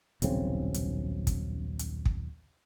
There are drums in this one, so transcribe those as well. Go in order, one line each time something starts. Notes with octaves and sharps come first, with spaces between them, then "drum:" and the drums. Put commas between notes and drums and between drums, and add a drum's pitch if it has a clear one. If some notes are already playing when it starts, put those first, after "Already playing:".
D#1 B1 C#3 C4, drum: hi-hat
drum: hi-hat
drum: kick, hi-hat
drum: hi-hat
drum: kick